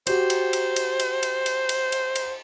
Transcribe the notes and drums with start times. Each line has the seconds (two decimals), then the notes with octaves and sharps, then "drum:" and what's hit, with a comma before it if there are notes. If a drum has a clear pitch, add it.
0.07 F#4 G4 C5 G5, drum: cymbal
0.30 drum: cymbal
0.53 drum: cymbal
0.76 drum: cymbal
0.99 drum: cymbal
1.23 drum: cymbal
1.46 drum: cymbal
1.69 drum: cymbal
1.92 drum: cymbal
2.15 drum: cymbal